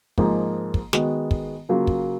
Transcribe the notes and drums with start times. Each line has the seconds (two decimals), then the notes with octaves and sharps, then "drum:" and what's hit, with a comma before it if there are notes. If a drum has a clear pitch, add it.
0.18 G#2 F3 A#3 D#4 G#4, drum: kick
0.74 drum: kick
0.93 D#3 G#3 B3 F#4, drum: snare
1.31 drum: kick
1.69 C#3 F#3 A#3 F4
1.87 drum: kick